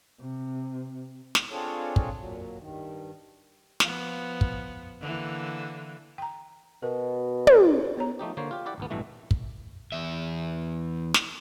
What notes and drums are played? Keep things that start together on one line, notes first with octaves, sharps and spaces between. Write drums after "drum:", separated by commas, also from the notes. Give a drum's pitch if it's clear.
C3
drum: snare
C4 D4 F4 G#4 A4 C#5
drum: kick
A#2 F#3
G2 D#3
F3 B3, drum: snare
drum: kick
D3 E3 A#3
G5 A#5
B2 A#4
drum: tom
B3 C#5 A#5
F3 A3 D#4 G4
D3 A#3 C5 C#5
F4 G4
E4 G4 D5 F#5
G#1 C#2 B3
A#1 G2 B2 E3 A3
drum: kick
E2 E5
drum: snare